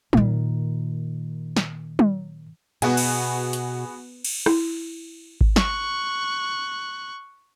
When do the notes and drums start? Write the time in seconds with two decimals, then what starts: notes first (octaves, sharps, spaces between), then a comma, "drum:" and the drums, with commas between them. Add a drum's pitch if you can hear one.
0.13 A#2 D#3, drum: tom
1.56 drum: snare
1.99 drum: tom
2.82 B2 B3 F#4 G#4, drum: cymbal
2.97 drum: cymbal
3.53 drum: hi-hat
4.25 drum: cymbal
4.46 E4, drum: rim click
5.41 drum: kick G#1
5.56 C#6 F#6, drum: snare